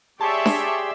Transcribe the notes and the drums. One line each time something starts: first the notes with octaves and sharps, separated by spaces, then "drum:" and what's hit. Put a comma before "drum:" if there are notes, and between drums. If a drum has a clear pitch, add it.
G4 G#4 C#5 D5 E5 G5 A5 C6
drum: snare D4